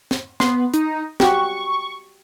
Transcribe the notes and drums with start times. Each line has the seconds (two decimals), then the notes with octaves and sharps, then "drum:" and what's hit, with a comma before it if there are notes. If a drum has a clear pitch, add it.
0.11 drum: snare
0.40 B3 C6, drum: snare
0.74 D#4, drum: hi-hat
1.20 F#4 G4 C#6, drum: snare